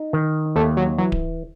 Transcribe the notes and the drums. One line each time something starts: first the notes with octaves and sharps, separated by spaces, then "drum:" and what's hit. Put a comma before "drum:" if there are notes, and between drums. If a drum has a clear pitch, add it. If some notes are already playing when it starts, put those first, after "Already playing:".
Already playing: D#4
D#3
D#2 A3
F#3
E3 F#3
drum: kick D1